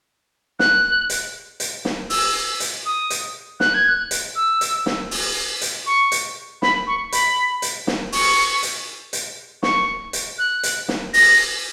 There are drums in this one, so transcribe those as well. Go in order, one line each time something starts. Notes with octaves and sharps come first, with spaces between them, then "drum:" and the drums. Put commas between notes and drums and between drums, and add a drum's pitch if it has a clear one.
F#6, drum: snare
drum: hi-hat
drum: hi-hat
drum: snare
E6, drum: open hi-hat
drum: hi-hat
D#6
drum: hi-hat
F#6, drum: snare
G#6
F#6
drum: hi-hat
E6
drum: hi-hat
drum: snare
drum: open hi-hat
drum: hi-hat
C#6
drum: hi-hat
B5, drum: snare
C#6
B5, drum: hi-hat
drum: hi-hat
drum: snare
C#6, drum: open hi-hat
drum: hi-hat
drum: hi-hat
C#6, drum: snare
drum: hi-hat
F#6
drum: hi-hat
drum: snare
A#6, drum: open hi-hat